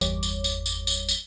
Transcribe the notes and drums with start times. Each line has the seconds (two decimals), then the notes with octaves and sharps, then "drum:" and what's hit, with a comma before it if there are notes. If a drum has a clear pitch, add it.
0.01 G1 E2 G3 C#5 D6, drum: tambourine
0.23 drum: tambourine
0.44 drum: tambourine
0.66 drum: tambourine
0.87 drum: tambourine
1.09 drum: tambourine